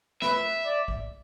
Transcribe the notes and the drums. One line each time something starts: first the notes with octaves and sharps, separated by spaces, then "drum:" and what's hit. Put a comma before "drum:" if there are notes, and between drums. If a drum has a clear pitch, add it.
B4 E5, drum: snare
D5
drum: kick